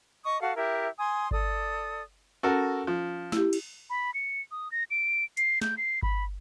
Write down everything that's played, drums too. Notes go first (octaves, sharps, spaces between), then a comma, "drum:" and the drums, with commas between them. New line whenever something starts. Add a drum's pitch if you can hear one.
D#5 C#6 D#6
F#4 A4 F5 F#5
E4 G4 A#4 E5
G#5 C6 D#6
A4 D5 D#6, drum: kick G1
C#4 F#4 A4 A#4
F3
E4 G4, drum: snare
drum: cymbal
B5
C#7
D#6
A#6
D7
C7, drum: hi-hat
G6, drum: snare
C7
B5, drum: kick G1